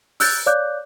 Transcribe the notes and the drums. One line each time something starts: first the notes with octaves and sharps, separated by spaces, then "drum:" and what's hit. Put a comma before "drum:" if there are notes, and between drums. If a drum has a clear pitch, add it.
E6 F#6 G6 A6, drum: open hi-hat
C#5 D5 F5 D6 F#6 G6